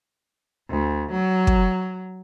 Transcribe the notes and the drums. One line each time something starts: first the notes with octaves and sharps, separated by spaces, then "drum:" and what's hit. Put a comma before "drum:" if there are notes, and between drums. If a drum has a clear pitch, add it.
D2
F#3
drum: kick